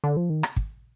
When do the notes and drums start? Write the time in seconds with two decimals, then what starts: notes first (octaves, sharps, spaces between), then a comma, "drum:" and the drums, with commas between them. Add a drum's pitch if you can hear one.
0.04 D3
0.17 F3
0.30 D#3
0.43 drum: rim click
0.56 drum: kick